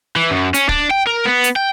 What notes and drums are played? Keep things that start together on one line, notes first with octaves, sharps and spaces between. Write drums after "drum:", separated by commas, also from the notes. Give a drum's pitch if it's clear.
E3
F#2
C#4, drum: hi-hat
D4, drum: kick D1
G5
A#4
B3
drum: hi-hat
G5